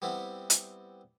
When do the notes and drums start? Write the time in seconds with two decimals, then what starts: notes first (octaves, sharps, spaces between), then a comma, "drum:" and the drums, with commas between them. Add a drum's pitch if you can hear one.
0.02 G3 B3 C4 E4
0.50 drum: hi-hat